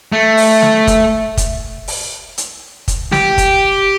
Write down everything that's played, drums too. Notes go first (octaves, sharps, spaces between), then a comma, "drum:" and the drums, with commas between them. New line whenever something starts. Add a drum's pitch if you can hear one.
A3
drum: open hi-hat
drum: snare
drum: kick, hi-hat
drum: kick, hi-hat
drum: open hi-hat
drum: hi-hat
drum: kick, hi-hat
G4, drum: snare
drum: kick, hi-hat